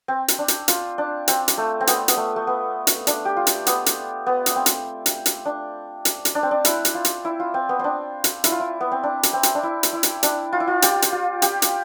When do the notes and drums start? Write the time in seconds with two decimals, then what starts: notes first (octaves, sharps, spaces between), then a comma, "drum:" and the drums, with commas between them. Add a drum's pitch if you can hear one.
0.08 C4
0.28 drum: hi-hat
0.39 D4
0.48 drum: hi-hat
0.68 F4, drum: hi-hat
0.98 D4
1.28 C4, drum: hi-hat
1.48 drum: hi-hat
1.58 A3
1.81 C4
1.87 B3, drum: hi-hat
2.08 B3, drum: hi-hat
2.17 A3
2.36 A3
2.47 B3
2.87 drum: hi-hat
3.07 D4, drum: hi-hat
3.25 G4
3.37 F4
3.47 drum: hi-hat
3.67 B3, drum: hi-hat
3.86 drum: hi-hat
4.26 B3
4.46 drum: hi-hat
4.56 C4
4.66 drum: hi-hat
5.06 drum: hi-hat
5.26 drum: hi-hat
5.45 D4
6.05 drum: hi-hat
6.25 drum: hi-hat
6.35 D4
6.43 C4
6.51 D4
6.65 E4, drum: hi-hat
6.85 drum: hi-hat
6.94 F4
7.05 drum: hi-hat
7.25 E4
7.40 F4
7.54 C4
7.69 B3
7.79 C4 D4
8.24 drum: hi-hat
8.44 E4, drum: hi-hat
8.52 F4
8.60 E4
8.81 B3
8.92 C4
9.03 D4
9.23 drum: hi-hat
9.33 C4
9.43 drum: hi-hat
9.55 D4
9.63 E4
9.83 drum: hi-hat
9.93 E4
10.03 drum: hi-hat
10.23 D4, drum: hi-hat
10.53 F4
10.60 E4
10.67 F4
10.82 G4, drum: hi-hat
11.02 drum: hi-hat
11.12 F4
11.42 G4, drum: hi-hat
11.62 drum: hi-hat